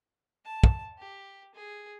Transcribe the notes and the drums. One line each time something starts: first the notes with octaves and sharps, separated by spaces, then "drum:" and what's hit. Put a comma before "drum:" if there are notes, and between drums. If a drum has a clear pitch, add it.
A5
drum: kick
G4
G#4